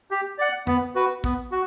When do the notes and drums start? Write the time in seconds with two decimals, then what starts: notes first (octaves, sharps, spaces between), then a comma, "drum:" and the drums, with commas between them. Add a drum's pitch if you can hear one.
0.11 G4
0.38 D5 F#5
0.67 B3, drum: tom
0.95 F#4 B4
1.24 B3, drum: kick
1.52 F#4